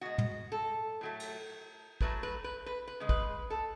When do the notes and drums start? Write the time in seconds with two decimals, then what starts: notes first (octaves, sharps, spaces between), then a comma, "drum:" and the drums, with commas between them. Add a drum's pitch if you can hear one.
0.01 B2 G#3 F#4
0.18 drum: tom
0.52 A4
1.01 A2 F#3 A3
1.20 drum: cymbal
2.01 A2 F#3 A3 B4, drum: kick
2.23 B4
2.44 B4
2.66 B4
2.87 B4
3.00 C#3 G#3
3.09 B4, drum: kick
3.50 A4